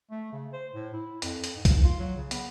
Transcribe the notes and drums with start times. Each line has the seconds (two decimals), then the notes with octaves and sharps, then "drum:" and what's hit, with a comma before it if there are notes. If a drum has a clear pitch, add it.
0.11 A3
0.32 C#3
0.53 C5
0.74 A2
0.93 E4
1.22 F2, drum: hi-hat
1.44 drum: hi-hat
1.56 G#2
1.65 drum: kick C2, hi-hat
1.83 F4
1.99 F#3
2.16 C#3
2.31 B3, drum: hi-hat